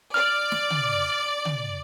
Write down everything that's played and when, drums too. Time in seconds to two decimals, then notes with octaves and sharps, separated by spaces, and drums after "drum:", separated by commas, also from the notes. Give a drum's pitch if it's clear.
0.14 D5 F6
0.52 drum: snare
0.70 drum: tom
1.45 drum: tom